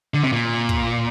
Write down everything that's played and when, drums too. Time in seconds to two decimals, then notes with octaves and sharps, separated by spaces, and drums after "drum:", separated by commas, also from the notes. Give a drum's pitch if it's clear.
0.14 D3
0.24 C3
0.32 A#2
0.69 drum: kick